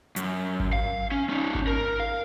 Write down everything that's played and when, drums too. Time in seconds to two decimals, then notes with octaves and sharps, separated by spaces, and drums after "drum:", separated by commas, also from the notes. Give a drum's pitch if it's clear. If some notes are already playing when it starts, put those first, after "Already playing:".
0.16 F#2, drum: hi-hat
0.60 drum: kick G#1
0.73 F5
1.12 C#4
1.30 C#4 D#4
1.55 drum: kick G#1
1.67 A#4
2.00 F5